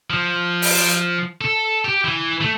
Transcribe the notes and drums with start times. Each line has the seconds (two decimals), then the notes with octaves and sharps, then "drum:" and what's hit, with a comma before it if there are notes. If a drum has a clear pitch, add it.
0.10 F3
0.62 drum: open hi-hat
1.41 A4
1.85 G4
2.04 E3
2.41 A3